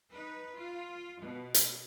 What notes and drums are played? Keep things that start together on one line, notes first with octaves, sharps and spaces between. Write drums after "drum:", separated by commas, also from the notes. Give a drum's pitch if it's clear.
D#4 B4
F4
B2
drum: hi-hat